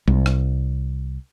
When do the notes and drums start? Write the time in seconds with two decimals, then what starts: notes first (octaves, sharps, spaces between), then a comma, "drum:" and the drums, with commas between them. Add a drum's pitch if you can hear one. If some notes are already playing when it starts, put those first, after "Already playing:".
0.08 C2, drum: tom G3
0.26 drum: rim click